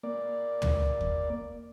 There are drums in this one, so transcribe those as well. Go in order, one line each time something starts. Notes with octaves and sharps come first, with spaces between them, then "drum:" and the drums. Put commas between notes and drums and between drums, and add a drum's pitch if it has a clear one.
A#3 D5
drum: tom
drum: kick